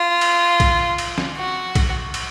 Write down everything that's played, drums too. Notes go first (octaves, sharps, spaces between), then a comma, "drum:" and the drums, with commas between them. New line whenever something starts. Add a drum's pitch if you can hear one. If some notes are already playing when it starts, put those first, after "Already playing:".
Already playing: F4
drum: cymbal
drum: kick, cymbal
drum: cymbal
drum: snare
F#4
drum: kick, cymbal
drum: cymbal